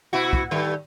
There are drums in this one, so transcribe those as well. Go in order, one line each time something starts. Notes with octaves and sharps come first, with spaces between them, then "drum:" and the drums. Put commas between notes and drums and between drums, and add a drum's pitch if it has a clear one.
B2 E4 F#4
drum: kick
D#3 G3 A3